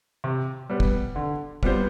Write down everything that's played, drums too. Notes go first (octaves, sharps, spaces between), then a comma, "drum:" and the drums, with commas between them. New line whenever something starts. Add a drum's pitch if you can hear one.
C3
G3 B3
drum: kick
D3
G3 B3 F4 C5, drum: kick